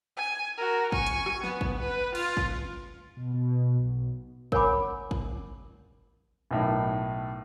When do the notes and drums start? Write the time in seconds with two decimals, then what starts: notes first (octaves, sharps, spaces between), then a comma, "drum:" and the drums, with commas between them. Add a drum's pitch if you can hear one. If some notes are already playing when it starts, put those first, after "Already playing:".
0.17 G#5
0.57 F#4 A#4
0.92 G#5 C#6, drum: kick
1.07 drum: hi-hat
1.26 drum: rim click
1.44 B3, drum: snare
1.61 drum: kick
1.80 B4
2.15 F4, drum: cymbal
2.37 drum: kick
3.17 B2
3.34 B2
3.77 B1
4.52 A#4 C#5 F#5 G#5 B5 D6, drum: kick
5.11 drum: kick
6.51 B1 A2 D#3